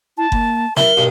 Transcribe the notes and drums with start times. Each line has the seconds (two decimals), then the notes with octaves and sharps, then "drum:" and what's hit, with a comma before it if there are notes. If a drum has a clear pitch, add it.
0.18 E4 A5
0.32 A#3, drum: kick F#1
0.77 E4 A#4 G7, drum: snare
0.97 B1 G2